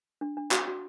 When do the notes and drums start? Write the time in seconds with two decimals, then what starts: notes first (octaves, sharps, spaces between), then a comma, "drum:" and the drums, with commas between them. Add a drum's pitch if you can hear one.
0.21 D4
0.37 D4
0.52 F#4, drum: clap
0.68 F#4